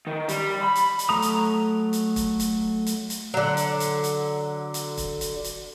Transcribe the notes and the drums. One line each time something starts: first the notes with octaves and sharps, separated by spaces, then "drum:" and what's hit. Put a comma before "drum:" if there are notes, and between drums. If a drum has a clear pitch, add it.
D#3
G3, drum: hi-hat
B5
drum: hi-hat
drum: hi-hat
F#3 A3 A#5 D#6
drum: hi-hat
drum: hi-hat
drum: kick, hi-hat
drum: hi-hat
drum: hi-hat
drum: hi-hat
D3 F#3
drum: hi-hat
drum: hi-hat
drum: hi-hat
drum: hi-hat
drum: kick, hi-hat
drum: hi-hat
drum: hi-hat